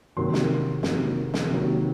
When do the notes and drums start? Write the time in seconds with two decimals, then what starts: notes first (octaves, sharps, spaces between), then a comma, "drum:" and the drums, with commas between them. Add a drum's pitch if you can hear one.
0.17 C3 D#3 F#3 A#3 C6
0.33 drum: snare
0.83 C3 D#3 F#3 A#3, drum: snare
1.34 drum: snare
1.50 C3 D#3 F#3 A#3